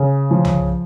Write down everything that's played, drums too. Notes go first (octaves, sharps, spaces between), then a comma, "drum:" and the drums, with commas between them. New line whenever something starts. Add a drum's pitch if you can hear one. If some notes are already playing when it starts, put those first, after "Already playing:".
Already playing: C#3
F3
drum: tom